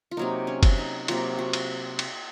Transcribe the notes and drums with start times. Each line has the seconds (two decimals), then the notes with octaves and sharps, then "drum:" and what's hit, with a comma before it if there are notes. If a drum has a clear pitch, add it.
0.11 F4
0.17 C3 F#3 A#3 D#4
0.47 C#4
0.63 drum: kick F#1, cymbal
0.78 D#4
1.08 C3 F#3 A#3 F4, drum: cymbal
1.39 F#4
1.53 drum: cymbal
1.99 drum: cymbal